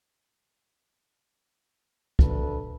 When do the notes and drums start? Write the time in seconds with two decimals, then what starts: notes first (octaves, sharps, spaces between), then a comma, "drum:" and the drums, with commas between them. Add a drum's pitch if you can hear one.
2.19 D2 A4 B4, drum: kick